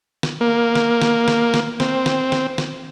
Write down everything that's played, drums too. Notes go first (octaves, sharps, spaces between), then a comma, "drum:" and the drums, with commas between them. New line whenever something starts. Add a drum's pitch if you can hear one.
drum: snare
A#3
drum: snare
drum: snare
drum: snare
drum: snare
C4, drum: snare
drum: snare
drum: snare
drum: snare